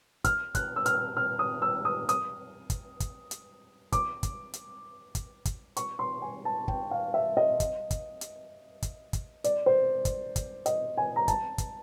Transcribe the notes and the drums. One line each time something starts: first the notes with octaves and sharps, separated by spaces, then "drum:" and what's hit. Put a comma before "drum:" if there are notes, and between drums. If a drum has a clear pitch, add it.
F6, drum: kick, hi-hat
F#6, drum: kick, hi-hat
E6
F6, drum: hi-hat
F6
D#6
E6
D#6
D#6, drum: hi-hat
drum: kick, hi-hat
drum: kick, hi-hat
drum: hi-hat
D6, drum: kick, hi-hat
drum: kick, hi-hat
drum: hi-hat
drum: kick, hi-hat
drum: kick, hi-hat
C#6, drum: hi-hat
C6
G#5
A5
G5, drum: kick
F5
E5
D#5
drum: kick, hi-hat
drum: kick, hi-hat
drum: hi-hat
drum: kick, hi-hat
drum: kick, hi-hat
D5, drum: hi-hat
C5
drum: kick, hi-hat
drum: kick, hi-hat
D#5, drum: hi-hat
G#5
A#5
A5, drum: kick, hi-hat
drum: kick, hi-hat